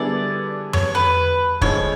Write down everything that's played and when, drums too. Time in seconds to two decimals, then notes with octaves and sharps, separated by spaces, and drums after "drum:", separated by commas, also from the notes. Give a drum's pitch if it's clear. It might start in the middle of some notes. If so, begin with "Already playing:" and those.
Already playing: D3 G3 B3 E4 G#4 D5
0.73 C#5, drum: tom F2
0.95 B4
1.61 D2 D3 F3 G#3 C#5, drum: kick